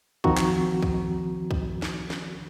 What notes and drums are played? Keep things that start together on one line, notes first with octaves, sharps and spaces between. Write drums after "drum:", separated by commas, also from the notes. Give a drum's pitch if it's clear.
D#3 F3 C4 F#4 A#5 C#6, drum: kick
drum: clap
drum: kick
drum: kick
drum: snare
drum: snare